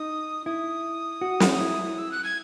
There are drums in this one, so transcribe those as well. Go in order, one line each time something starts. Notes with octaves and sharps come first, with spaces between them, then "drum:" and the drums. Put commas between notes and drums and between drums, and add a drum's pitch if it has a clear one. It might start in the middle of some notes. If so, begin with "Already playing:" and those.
Already playing: D#4 D#6
E4 D#6
F#4
drum: snare
E4
E6
F#6
G#6